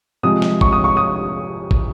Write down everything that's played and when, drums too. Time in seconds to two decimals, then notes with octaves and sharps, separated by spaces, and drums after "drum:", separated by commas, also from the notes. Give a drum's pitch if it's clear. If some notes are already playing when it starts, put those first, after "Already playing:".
0.23 C3 F3 G#3 D#6
0.42 drum: snare
0.61 C#6, drum: kick
0.72 D#6
0.84 C#6
0.97 D#6
1.71 drum: kick